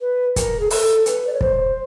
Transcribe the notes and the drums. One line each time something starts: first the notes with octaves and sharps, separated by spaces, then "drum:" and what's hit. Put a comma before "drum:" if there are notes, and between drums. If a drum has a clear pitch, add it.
B4
A#4, drum: kick, hi-hat
G#4
A4, drum: open hi-hat
B4, drum: hi-hat
D5
C#5
C5, drum: kick